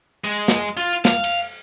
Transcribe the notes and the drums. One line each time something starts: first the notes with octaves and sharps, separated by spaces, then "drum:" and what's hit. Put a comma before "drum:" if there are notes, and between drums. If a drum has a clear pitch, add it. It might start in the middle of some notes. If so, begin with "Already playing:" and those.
G#3
drum: snare
F4
F5, drum: snare
drum: cymbal